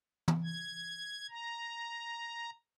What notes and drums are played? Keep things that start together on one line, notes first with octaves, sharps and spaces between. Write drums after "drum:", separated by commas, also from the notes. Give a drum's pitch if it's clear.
drum: tom
G#6
A#5